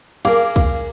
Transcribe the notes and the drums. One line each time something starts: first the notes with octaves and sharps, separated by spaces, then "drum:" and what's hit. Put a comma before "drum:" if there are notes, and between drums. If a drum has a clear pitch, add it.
G#4 A#4 F5 D6, drum: cymbal
drum: kick, cymbal